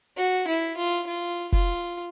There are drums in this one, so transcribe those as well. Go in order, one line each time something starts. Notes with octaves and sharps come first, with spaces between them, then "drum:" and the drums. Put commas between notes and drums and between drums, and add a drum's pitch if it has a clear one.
F#4
E4
F4
F4
F4, drum: kick F1